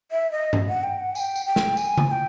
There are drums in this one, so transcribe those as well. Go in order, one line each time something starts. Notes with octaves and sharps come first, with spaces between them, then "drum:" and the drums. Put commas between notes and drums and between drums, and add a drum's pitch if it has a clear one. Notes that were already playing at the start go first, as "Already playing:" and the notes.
E5
D#5
drum: tom G2
F#5
G5
F#5
G#5, drum: tambourine
G5
drum: tambourine
G5
drum: snare
G#5, drum: tambourine
drum: tom C#3
G#5
G5